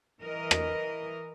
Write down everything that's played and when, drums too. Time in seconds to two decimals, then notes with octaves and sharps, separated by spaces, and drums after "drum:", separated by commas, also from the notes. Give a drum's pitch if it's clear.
0.22 E3 A#4 D#5
0.51 drum: rim click